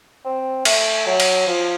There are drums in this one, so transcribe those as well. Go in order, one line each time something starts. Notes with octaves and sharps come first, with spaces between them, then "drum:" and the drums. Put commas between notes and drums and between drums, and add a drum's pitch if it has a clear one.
C4
A3, drum: cymbal
F#3
drum: cymbal
F3